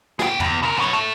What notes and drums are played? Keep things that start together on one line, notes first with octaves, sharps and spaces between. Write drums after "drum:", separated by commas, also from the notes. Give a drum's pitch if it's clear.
G#4 G5, drum: snare
E2, drum: tom
C#3 A#4
B3 C#5
E4 A4